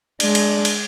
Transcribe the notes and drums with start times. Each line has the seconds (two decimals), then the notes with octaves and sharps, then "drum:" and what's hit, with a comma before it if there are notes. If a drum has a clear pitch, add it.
0.20 G#3 D4, drum: cymbal
0.35 drum: cymbal
0.65 drum: cymbal